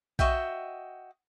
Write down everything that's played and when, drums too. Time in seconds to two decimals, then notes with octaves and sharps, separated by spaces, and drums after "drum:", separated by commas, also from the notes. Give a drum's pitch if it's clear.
0.19 F#4 D#5 E5 G5, drum: kick B1